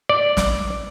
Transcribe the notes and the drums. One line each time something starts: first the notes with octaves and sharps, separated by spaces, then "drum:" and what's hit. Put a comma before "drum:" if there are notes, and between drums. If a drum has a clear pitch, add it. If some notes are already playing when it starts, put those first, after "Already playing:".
D5
drum: snare